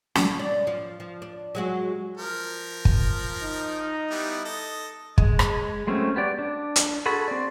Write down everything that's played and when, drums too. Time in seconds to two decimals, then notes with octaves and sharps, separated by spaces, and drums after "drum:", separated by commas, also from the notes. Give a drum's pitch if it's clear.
0.15 B2, drum: snare
0.39 D5
0.67 F3
1.00 F3
1.22 D4
1.55 F#3 G#3 F#4
2.17 F3 A#4
2.85 drum: kick
3.43 D#4
4.11 G3 B3 E4
4.45 A4 D#5
5.18 G#3, drum: kick
5.39 drum: rim click
5.87 F#3 G#3 A3 C4 C#4
6.16 B3 G4 D5
6.39 D4
6.76 drum: hi-hat
7.06 F#4 G#4 A4 B5
7.28 C4 D5